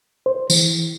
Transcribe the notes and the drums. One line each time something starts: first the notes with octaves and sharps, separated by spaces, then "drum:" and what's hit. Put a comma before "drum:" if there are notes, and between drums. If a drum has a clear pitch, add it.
C5
E3, drum: tambourine